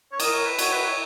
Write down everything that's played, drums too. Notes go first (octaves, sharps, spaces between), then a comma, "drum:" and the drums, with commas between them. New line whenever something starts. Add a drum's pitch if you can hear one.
C#5
A#4 D#5, drum: cymbal
C#5
B4
F#4 C#5, drum: cymbal
B4
C#5